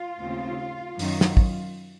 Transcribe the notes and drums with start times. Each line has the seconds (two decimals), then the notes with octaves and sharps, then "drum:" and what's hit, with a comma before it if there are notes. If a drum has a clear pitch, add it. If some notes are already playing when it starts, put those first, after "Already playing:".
Already playing: F4
0.20 D#2 C#3 A3 C4
0.99 F#2 D#3 F#3, drum: open hi-hat
1.21 drum: snare
1.37 drum: kick